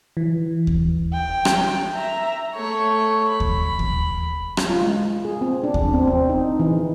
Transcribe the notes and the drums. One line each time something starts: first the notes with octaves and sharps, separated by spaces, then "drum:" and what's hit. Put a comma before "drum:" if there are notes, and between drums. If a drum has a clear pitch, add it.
E3
drum: kick D#2
G5
drum: rim click
E5 A#5
A3 C#5
B5
drum: kick D#2
drum: kick D#2
drum: rim click
F4
G#3
G#4
C4
D4
drum: kick D#2
C4
C4
D#4
E3